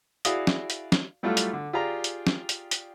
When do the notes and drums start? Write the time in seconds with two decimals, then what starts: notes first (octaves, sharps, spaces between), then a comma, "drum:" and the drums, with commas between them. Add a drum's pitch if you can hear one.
0.25 E4 F#4 G#4 D5 F5 D#6, drum: hi-hat
0.47 drum: snare
0.70 drum: hi-hat
0.92 drum: snare
1.23 F#3 G3 A3 E4 F4 A4
1.37 drum: hi-hat
1.53 D3
1.73 F4 G4 G#4 D5 G5 A#5
2.04 drum: hi-hat
2.27 drum: snare
2.49 drum: hi-hat
2.71 drum: hi-hat